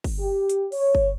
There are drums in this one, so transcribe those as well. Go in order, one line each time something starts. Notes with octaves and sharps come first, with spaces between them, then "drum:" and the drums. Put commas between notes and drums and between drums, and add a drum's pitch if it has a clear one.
drum: kick G1, open hi-hat
G4
drum: hi-hat
C#5, drum: open hi-hat
drum: kick G1